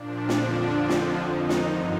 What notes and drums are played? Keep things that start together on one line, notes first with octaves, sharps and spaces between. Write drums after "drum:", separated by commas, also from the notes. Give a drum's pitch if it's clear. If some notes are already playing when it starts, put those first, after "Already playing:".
Already playing: A#2 F3 D4
F2 D3 F3 D4, drum: snare
F2 D3 F3
drum: snare
F2 D#3 D#4
drum: snare
G2 D3 F3